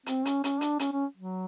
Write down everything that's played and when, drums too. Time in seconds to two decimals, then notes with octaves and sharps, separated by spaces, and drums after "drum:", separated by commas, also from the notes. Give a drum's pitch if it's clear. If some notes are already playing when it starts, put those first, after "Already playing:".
0.06 C4, drum: hi-hat
0.25 C#4, drum: hi-hat
0.44 C#4, drum: hi-hat
0.61 D4, drum: hi-hat
0.79 C#4, drum: hi-hat
0.92 C#4
1.17 F#3